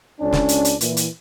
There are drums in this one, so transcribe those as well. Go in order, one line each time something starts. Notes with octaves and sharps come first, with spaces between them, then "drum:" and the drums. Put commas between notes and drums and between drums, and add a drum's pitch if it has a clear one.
C#2 C#4 D4
drum: snare
drum: hi-hat
drum: hi-hat
A#2 E3, drum: hi-hat
drum: hi-hat